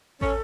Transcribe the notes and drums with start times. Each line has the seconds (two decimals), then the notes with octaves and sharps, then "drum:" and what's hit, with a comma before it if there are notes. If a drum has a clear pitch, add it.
0.21 C#4 A4, drum: kick